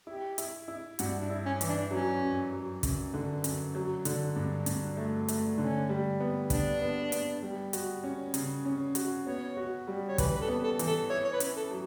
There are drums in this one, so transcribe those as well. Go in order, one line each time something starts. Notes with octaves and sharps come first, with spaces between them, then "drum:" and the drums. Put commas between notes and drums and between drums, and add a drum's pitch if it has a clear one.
E4 G4
E4, drum: hi-hat
E4
G2 F#4, drum: hi-hat
D4
E4
C#4
E3, drum: hi-hat
D4
F#3 C#4
F#2
F#3
F#2, drum: kick, hi-hat
D3
F#2, drum: hi-hat
F#3
D3, drum: hi-hat
G2
G2, drum: hi-hat
A3
A3, drum: hi-hat
D3 C#4
G3
B3
B3 D4, drum: kick, hi-hat
B3
B3, drum: hi-hat
G3
F#4, drum: hi-hat
C#4
C#3, drum: hi-hat
C#4
F#4, drum: hi-hat
B3 C#5
F#4
G3
C#5
E3 B4, drum: kick, hi-hat
B4
A4
B3
A4
E3, drum: hi-hat
A4
E4 C#5
C#5
B4
C#4, drum: hi-hat
A4
F#3